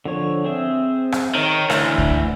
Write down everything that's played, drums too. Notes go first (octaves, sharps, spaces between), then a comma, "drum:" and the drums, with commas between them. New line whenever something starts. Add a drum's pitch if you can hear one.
D3 F3 C#5
C4 G#4 E5
drum: rim click
D#3 C#5 A#5
D2 E3, drum: rim click
drum: kick C#2